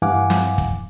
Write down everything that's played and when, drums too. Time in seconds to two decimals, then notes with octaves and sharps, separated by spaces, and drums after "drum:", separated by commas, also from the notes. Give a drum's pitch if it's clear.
0.02 G2 E3 F5 F#5 G#5 D6
0.30 drum: snare
0.58 drum: kick, hi-hat